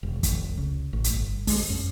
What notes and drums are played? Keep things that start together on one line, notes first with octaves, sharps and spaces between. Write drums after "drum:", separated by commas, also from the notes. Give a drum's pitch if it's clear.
E1
F1, drum: kick, hi-hat
C#2
A1
drum: hi-hat
G1
G#3, drum: kick, open hi-hat
F#2